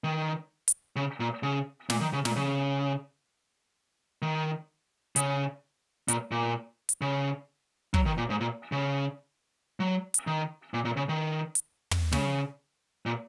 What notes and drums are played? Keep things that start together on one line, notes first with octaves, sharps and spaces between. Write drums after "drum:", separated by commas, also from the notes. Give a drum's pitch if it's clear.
D#3
drum: hi-hat
C#3
A#2
C#3
A#2, drum: snare
D#3
C#3
A#2, drum: snare
C#3
D#3
C#3, drum: hi-hat
A#2, drum: hi-hat
A#2
drum: hi-hat
C#3
F#3, drum: kick
D#3
A#2
G#2
A#2
C#3
F#3
drum: hi-hat
D#3
A#2
A#2
C#3
D#3
drum: hi-hat
drum: tom
C#3, drum: snare
A#2